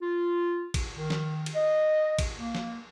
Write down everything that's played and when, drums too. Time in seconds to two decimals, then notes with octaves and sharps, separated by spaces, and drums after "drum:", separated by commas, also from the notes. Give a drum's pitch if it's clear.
0.02 F4
0.74 drum: kick, cymbal
0.98 D#3
1.10 drum: snare
1.46 drum: cymbal
1.55 D#5
2.19 drum: kick, cymbal
2.39 A#3
2.55 drum: snare